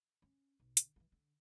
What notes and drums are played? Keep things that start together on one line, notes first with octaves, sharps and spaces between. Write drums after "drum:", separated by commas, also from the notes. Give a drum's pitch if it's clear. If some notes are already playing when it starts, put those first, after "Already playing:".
C#4
B1
D3, drum: hi-hat
D#3 E3
D3